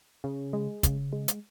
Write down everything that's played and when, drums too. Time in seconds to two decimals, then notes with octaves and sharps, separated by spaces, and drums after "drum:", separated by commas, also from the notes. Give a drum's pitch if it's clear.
0.24 C#3
0.53 G#3
0.83 C#3, drum: kick, hi-hat
1.13 G#3
1.28 drum: hi-hat